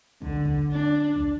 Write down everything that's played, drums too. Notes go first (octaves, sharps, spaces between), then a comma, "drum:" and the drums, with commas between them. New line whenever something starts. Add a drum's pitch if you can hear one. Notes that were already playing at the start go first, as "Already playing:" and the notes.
D3, drum: kick
drum: kick
D4
drum: kick